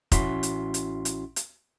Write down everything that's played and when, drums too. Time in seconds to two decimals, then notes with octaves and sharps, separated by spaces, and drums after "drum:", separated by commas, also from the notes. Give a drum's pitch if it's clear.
0.12 A1 C#4 E4 F#4 C6 B6, drum: kick F1, hi-hat
0.43 drum: hi-hat
0.74 drum: hi-hat
1.05 drum: hi-hat
1.36 drum: hi-hat